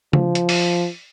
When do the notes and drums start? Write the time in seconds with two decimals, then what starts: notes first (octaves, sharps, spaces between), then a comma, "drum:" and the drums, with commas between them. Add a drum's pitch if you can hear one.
0.13 F3, drum: tom C#3
0.35 drum: hi-hat
0.49 drum: open hi-hat